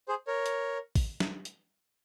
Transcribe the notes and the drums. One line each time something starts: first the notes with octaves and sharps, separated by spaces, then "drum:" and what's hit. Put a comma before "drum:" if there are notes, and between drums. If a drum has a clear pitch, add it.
G#4 C5
A#4 C#5
drum: hi-hat
drum: kick, open hi-hat
drum: snare
drum: hi-hat